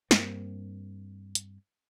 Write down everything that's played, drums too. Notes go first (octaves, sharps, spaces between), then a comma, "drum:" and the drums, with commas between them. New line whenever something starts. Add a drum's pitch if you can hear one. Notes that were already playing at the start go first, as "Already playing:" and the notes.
G2 A#3 C4, drum: snare
drum: hi-hat